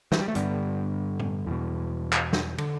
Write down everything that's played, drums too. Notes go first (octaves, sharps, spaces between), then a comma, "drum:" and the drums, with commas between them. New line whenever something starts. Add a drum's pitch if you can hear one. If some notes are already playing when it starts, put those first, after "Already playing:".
E3, drum: snare
G3
A3
G2 D3 G3 B3, drum: hi-hat
drum: tom
E2 B2
drum: clap
drum: snare
D3, drum: cymbal